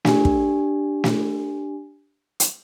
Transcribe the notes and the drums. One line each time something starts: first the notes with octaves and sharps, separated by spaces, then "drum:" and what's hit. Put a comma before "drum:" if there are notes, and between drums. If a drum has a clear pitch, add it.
D4 G4 G#5, drum: snare
drum: kick
drum: snare
drum: hi-hat